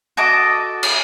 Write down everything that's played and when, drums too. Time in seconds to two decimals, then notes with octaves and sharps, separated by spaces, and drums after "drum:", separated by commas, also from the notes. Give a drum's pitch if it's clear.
0.17 F#4 A4 D#5 D6
0.83 drum: cymbal